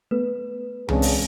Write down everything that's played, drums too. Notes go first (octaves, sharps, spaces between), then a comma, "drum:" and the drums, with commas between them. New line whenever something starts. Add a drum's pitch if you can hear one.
A3 B3 B4
C#3 E3 G#3 C4 D4 G#4, drum: tom C2
drum: open hi-hat